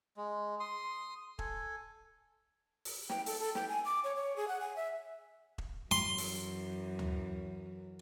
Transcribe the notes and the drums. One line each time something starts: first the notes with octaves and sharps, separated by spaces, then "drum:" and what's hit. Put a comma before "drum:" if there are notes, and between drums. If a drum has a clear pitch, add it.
G#3
C6 D#6
A4 G#5, drum: kick E1
drum: open hi-hat
G5, drum: snare
A4, drum: open hi-hat
A4
G5, drum: snare
G#5
D6
C#5
C#5
G#4
F#5
G#5
E5
drum: kick E1
F#2 E3 C6
drum: open hi-hat
drum: tom D2